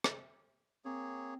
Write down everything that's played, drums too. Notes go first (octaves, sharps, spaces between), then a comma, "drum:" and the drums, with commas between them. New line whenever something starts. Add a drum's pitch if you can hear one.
drum: rim click
A#3 C4 G#4 C#5